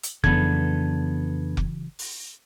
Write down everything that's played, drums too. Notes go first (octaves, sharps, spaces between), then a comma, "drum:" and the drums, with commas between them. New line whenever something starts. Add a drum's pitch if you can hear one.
drum: hi-hat
F2 C#3 E3 F#3 B3 D4 A4 G#6, drum: kick F1
drum: kick F1
drum: open hi-hat